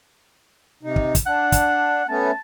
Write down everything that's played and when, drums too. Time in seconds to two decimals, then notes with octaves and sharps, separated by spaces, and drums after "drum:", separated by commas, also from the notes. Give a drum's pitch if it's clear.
0.83 C3 D#4
0.96 drum: kick
1.15 drum: kick, hi-hat
1.26 D4 F#5
1.52 drum: kick, hi-hat
2.08 A3 B3 C#4 A5